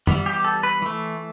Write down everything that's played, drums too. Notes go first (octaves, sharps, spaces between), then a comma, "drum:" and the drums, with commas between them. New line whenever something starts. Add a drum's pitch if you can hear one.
E3 G3 B3, drum: tom F#2
G4
A4
B4
E3 A3